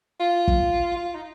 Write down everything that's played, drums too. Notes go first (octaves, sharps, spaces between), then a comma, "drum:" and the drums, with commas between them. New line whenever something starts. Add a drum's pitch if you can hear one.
F4
drum: kick
F4
D#4